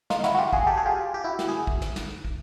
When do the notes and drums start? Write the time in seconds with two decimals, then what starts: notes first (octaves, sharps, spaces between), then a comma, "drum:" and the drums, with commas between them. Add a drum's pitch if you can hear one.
0.10 D#4 F4, drum: snare
0.24 E4 F#4, drum: snare
0.35 F#4
0.38 F4 G4
0.53 F#4 G#4, drum: kick
0.67 G4 A4
0.77 F#4 G#4
0.86 F4 G4
1.14 G4
1.24 E4 F#4
1.39 drum: snare
1.48 G#4
1.67 drum: kick
1.82 drum: snare
1.96 drum: snare
2.25 drum: kick